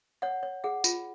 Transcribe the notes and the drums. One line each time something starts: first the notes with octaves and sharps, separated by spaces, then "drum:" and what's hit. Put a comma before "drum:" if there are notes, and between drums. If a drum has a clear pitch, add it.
C#5 F#5
C#5
G#4 F#5
F4, drum: tambourine